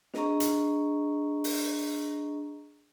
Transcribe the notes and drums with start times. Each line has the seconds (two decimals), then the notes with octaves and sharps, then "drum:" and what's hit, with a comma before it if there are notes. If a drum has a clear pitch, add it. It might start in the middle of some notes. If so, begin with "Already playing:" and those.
0.14 D4 G#4 D#5 A#5 C#6, drum: snare
0.40 drum: hi-hat
1.44 drum: open hi-hat